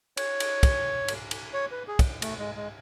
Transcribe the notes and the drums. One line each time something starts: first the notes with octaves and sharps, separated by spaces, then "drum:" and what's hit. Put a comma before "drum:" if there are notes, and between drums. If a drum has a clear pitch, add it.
C#5, drum: cymbal
drum: cymbal
drum: kick, cymbal
drum: cymbal
drum: cymbal
C#5
B4
G#4
drum: kick, cymbal
A3, drum: cymbal
G#3
G#3